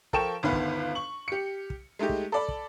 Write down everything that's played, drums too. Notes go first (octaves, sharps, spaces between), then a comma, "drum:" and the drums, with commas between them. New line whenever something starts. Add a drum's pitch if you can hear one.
F3 A4 A#4 G5 C#6 E7, drum: kick
G1 D2 D#3 B3 B4 F5
drum: kick
C#6 F#7
G4 C#7
drum: kick
G#3 A3 D#4 G4
drum: kick
A4 D5 B5
drum: kick